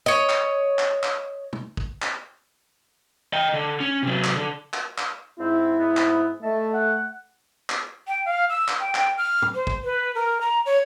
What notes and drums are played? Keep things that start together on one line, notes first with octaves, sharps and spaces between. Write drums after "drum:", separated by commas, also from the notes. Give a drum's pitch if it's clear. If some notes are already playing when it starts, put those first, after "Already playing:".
C#5 D#5
drum: clap
drum: clap
drum: clap
drum: tom
drum: kick
drum: clap
D#5 G5
D3
C#4
C3 F#3
drum: clap
D3
drum: clap
drum: clap
G#2 C4 E4
G#2 B3
drum: clap
A3 D#5 E5 A5
F#5
drum: clap
G5
F5
E6
drum: clap
G5
G5, drum: clap
F6
drum: tom
C5
drum: kick
B4
A#4
A#5
C#5